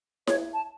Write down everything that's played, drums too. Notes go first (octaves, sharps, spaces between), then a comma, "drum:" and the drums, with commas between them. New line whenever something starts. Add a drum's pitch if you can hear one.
C#5, drum: snare E4
A5